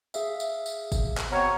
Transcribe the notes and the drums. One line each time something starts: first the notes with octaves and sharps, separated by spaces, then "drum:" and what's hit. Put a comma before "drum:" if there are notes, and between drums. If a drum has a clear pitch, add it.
G#4 E5 F5, drum: tambourine
drum: tambourine
drum: tambourine
drum: kick, tambourine
drum: clap
B2 C4 C#5 F#5 A#5 F6